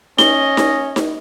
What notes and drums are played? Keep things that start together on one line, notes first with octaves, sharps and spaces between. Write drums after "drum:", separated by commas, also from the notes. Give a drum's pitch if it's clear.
C#4 D#5 G7, drum: snare D#4
drum: snare D#4
drum: snare D#4